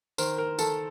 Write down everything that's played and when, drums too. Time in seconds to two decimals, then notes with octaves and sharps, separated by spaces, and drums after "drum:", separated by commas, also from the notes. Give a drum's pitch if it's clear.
0.18 D#3 A#4 C5, drum: tambourine
0.38 A#4
0.59 D#3 A4, drum: tambourine